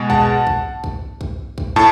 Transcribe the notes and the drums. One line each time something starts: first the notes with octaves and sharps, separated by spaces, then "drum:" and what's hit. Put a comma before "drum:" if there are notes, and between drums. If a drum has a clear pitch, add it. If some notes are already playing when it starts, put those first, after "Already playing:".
Already playing: B2 G#3
F#5 A5, drum: kick
drum: kick
drum: kick
drum: kick
drum: kick
A2 A5